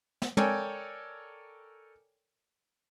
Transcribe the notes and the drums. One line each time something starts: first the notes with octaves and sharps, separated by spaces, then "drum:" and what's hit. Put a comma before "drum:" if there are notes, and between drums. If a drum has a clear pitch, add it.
drum: snare
A4 A#4 C#5 D5 G5 G#5, drum: tom